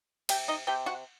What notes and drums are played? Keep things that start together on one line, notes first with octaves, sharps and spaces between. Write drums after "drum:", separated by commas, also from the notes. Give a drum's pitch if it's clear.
C3 G4 G5, drum: cymbal
D#4 D#5
C3 G4 G5
F#4 F#5